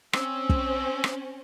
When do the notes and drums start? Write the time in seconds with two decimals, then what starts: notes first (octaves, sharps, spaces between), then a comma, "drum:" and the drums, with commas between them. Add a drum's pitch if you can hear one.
0.13 C4 C#4 E6, drum: rim click
0.49 drum: kick
1.04 drum: rim click